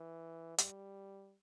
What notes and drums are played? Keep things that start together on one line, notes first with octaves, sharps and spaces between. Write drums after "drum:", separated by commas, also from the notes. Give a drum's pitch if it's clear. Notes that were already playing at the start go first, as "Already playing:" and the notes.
Already playing: E3
G3, drum: hi-hat